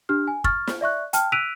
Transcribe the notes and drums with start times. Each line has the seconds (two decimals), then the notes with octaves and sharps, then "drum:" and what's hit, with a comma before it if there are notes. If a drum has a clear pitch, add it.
0.09 D4 G4 F6
0.28 G#5
0.44 C#6 F6 A6, drum: kick
0.67 drum: snare
0.81 D5 E5 C#6 F#6
1.13 G5 A5 F6, drum: hi-hat
1.32 E6 F#6 B6 D7 D#7 F7